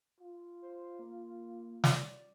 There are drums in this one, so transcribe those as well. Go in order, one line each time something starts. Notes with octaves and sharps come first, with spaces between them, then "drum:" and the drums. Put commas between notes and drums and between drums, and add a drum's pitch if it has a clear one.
F4
C5
A#3
D5, drum: snare